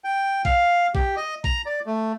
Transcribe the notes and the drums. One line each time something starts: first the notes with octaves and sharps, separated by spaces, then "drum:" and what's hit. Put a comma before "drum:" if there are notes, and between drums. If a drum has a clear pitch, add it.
G5
F5, drum: kick
G4, drum: kick
D#5
A#5, drum: kick
D5
A3